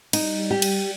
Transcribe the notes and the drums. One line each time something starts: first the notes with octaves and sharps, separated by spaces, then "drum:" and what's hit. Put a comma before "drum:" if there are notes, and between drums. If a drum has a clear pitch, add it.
G3 D#4, drum: cymbal
G4
drum: cymbal